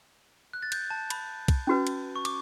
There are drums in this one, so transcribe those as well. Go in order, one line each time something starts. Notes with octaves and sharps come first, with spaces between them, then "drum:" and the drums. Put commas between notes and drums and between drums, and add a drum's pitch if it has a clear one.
F#6
A6
G6, drum: cymbal
A5
B5, drum: cymbal
drum: kick, cymbal
C#4 F#4 B4
drum: cymbal
C#6
D6, drum: cymbal